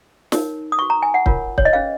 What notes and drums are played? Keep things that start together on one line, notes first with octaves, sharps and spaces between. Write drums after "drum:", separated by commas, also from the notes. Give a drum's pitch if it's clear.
D#4 A#4 C#5, drum: snare
D#6
F#4 B4 C#6
A#5
G#5
F#5
F4 A#4 C#5, drum: kick C#1
C#5, drum: kick C#1
D#5
C#4 G#4 B4 F5